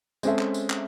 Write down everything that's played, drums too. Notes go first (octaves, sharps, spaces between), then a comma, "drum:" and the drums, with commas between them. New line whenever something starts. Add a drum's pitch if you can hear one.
G#3 C4 C#4 G#4 A4 E5, drum: tambourine
drum: clap
drum: tambourine
drum: clap